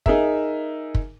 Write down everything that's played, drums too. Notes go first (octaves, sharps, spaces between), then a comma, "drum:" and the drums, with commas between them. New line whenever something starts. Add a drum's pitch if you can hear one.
D#4 G#4 A#4 E5, drum: kick
drum: kick